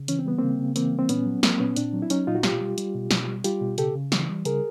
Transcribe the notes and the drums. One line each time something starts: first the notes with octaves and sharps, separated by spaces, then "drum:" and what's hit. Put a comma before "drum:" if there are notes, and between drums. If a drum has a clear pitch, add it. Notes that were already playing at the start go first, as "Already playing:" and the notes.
Already playing: C#3
E3 C#4, drum: hi-hat
C4
G3 B3
C#3 A#3 C4
C#3
E3 A#3 C4, drum: hi-hat
G3
C4
A#2 B3 C#4, drum: hi-hat
F#3
F#3 A#3 C4, drum: snare
A#2 B3 C#4
A#2 C4 D4, drum: hi-hat
F#3
E4
F#3 C#4 D#4, drum: hi-hat
A#2 D#4 F4
F#4
B2 F4 G4, drum: snare
G3
G3, drum: hi-hat
B2
B2, drum: snare
G3
G3 F4 G4, drum: hi-hat
B2
C#3 G4 A4, drum: hi-hat
C#3
E3, drum: snare
G3
C#3 G#4 A#4, drum: hi-hat